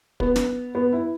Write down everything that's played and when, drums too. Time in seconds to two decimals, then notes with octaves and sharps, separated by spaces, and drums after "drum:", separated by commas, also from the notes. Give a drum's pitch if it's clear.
0.20 B3, drum: kick
0.36 drum: snare
0.75 B3
0.93 E4